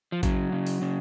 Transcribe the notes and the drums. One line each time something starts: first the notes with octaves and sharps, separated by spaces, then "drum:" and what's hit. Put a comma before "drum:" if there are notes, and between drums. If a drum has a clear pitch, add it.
F3
C#3 F#3, drum: kick A1, hi-hat
C#3
drum: open hi-hat
C#3